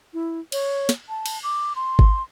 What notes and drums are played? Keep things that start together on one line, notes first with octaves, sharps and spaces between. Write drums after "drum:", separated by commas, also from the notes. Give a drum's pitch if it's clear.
E4
C#5, drum: cymbal
drum: snare
A5
drum: cymbal
D6
C6
drum: kick G#1